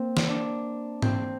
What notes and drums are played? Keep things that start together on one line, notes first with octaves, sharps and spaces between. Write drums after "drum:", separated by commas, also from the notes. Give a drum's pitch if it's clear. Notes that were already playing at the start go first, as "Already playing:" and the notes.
Already playing: A#3 C4
drum: snare
D4
C4, drum: tom G#2